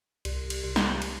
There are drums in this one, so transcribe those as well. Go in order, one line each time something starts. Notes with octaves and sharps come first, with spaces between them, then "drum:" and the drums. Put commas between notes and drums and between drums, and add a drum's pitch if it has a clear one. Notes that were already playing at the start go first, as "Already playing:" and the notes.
C2, drum: cymbal
drum: cymbal
C2
drum: snare
drum: cymbal